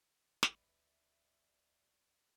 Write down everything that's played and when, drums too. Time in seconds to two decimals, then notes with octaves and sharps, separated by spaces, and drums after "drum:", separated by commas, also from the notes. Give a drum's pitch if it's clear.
0.43 D2 B4 D5 E5, drum: snare